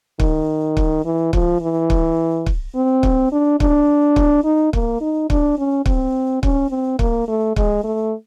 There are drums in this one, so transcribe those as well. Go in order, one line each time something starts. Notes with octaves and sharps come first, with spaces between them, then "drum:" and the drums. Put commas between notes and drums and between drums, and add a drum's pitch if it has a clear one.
D#3, drum: kick
drum: kick
E3
F3, drum: kick
E3
drum: kick
drum: kick
C4
drum: kick
D4
D4, drum: kick
drum: kick
D#4
A#3, drum: kick
D#4
D4, drum: kick
C#4
C4, drum: kick
C#4, drum: kick
C4
A#3, drum: kick
A3
G#3, drum: kick
A3